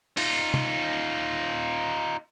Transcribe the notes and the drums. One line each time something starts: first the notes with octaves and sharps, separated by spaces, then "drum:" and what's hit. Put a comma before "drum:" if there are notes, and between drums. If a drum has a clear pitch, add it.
D#4 F4, drum: open hi-hat
drum: tom